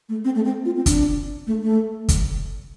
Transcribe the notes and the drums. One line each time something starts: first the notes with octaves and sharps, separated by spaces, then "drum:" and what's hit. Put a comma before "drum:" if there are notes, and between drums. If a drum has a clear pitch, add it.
A3
C4
A3
C4
F4
C4
D4, drum: kick, hi-hat
A3
A3
drum: kick, hi-hat